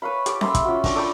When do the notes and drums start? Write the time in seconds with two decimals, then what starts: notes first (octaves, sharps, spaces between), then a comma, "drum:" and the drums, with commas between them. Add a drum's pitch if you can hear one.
0.02 B4 C#5 F5 B5
0.26 G4 A4 D6, drum: hi-hat
0.41 E5 B5 C6 E6, drum: snare C#4
0.55 drum: kick, hi-hat
0.65 C#4 F4 F#4
0.84 D4 G5 G#5, drum: kick, open hi-hat
0.96 A4 D5 G5 B5